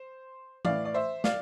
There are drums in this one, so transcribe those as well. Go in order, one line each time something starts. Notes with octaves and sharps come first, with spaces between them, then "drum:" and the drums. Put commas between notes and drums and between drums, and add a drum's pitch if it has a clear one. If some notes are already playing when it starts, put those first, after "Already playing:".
Already playing: C5
A2 E3 D5 F5, drum: tom E3
D5
C5 E5
D5 F5, drum: snare